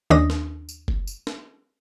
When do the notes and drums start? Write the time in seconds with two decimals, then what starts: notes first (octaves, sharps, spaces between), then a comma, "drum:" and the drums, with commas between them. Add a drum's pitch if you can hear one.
0.10 D#2 D#3 C#4 D4 D#6 A#6
0.30 drum: snare
0.69 drum: tambourine
0.88 drum: kick F#1
1.07 drum: tambourine
1.27 drum: snare